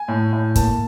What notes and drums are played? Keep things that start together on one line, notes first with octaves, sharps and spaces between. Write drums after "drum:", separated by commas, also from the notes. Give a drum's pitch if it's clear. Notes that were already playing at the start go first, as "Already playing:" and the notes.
Already playing: G#5
A2
A2
A#3 A5, drum: kick, hi-hat